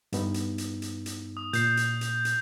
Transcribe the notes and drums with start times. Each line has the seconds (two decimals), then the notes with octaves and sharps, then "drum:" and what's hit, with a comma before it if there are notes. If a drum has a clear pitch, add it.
0.13 G2 B3 D#4, drum: hi-hat
0.34 drum: hi-hat
0.58 drum: hi-hat
0.82 drum: hi-hat
1.06 drum: hi-hat
1.37 D#6
1.53 A#2 G6 C7, drum: hi-hat
1.77 drum: hi-hat
2.01 drum: hi-hat
2.25 drum: hi-hat